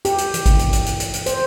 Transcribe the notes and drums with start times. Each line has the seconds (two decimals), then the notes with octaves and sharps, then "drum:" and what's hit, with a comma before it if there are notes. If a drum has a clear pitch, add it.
0.05 G4, drum: hi-hat
0.18 drum: hi-hat
0.34 E3, drum: hi-hat
0.46 drum: kick G#1, hi-hat
0.59 drum: hi-hat
0.73 drum: hi-hat
0.86 drum: hi-hat
1.00 drum: hi-hat
1.14 drum: hi-hat
1.26 C5, drum: hi-hat